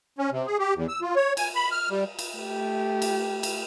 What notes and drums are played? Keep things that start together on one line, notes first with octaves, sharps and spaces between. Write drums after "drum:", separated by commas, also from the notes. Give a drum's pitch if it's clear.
C#4
C3
G#4
G4
E2
E6
F4
C#5
G#5, drum: cymbal
B5
F6
G3
drum: cymbal
A3 G4
drum: cymbal
drum: cymbal